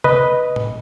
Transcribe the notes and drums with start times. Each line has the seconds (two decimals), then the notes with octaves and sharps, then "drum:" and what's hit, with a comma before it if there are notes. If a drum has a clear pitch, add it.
0.04 B4 D#5, drum: tom C3
0.56 drum: tom A2